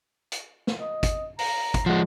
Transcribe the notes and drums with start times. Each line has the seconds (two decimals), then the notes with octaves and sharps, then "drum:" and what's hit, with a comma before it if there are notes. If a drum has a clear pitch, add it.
0.32 drum: hi-hat
0.67 drum: snare
0.78 D#5
1.03 drum: kick, hi-hat
1.39 A#5, drum: open hi-hat
1.74 drum: kick, hi-hat
1.86 F3 G#3 F#5